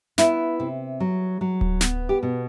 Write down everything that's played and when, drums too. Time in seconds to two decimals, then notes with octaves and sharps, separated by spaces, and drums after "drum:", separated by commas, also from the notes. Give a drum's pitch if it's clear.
0.18 B3 E4, drum: snare
0.60 C3
1.00 F#3
1.41 F#3
1.61 drum: kick D1
1.81 B3, drum: snare
2.09 G4
2.23 B2